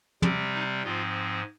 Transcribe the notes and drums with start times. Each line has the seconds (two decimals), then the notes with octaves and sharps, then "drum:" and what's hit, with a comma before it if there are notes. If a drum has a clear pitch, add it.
0.22 C3 G3 C4, drum: tom
0.54 D#4
0.83 G#2 F3 C4 F4